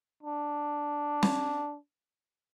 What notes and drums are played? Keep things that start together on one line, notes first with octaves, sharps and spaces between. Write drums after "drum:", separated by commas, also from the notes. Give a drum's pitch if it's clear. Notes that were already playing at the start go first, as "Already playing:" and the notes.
D4
drum: snare